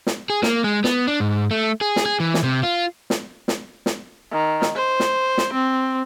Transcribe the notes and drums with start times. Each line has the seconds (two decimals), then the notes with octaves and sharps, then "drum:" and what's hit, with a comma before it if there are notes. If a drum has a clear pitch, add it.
0.07 drum: snare
0.30 G#4
0.43 A#3, drum: snare
0.64 G#3
0.84 B3, drum: snare
1.07 D4
1.20 G#2
1.51 A3
1.81 G#4
1.96 drum: snare
2.06 G#4
2.20 E3
2.34 drum: snare
2.44 C3
2.63 F4
3.10 drum: snare
3.48 drum: snare
3.86 drum: snare
4.32 D#3
4.62 drum: snare
4.76 C5
5.00 drum: snare
5.38 drum: snare
5.53 C4